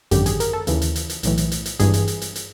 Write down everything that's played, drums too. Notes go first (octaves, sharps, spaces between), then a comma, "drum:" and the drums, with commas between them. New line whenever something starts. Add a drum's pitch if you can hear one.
G#1 F#2 D3 G4, drum: hi-hat
G#4, drum: hi-hat
A#4, drum: hi-hat
A4
D#2 C#3 E3, drum: hi-hat
drum: hi-hat
drum: hi-hat
drum: hi-hat
B1 A2 E3, drum: hi-hat
drum: hi-hat
drum: hi-hat
drum: hi-hat
G#1 G2 E3 G#4, drum: hi-hat
drum: hi-hat
drum: hi-hat
drum: hi-hat
drum: hi-hat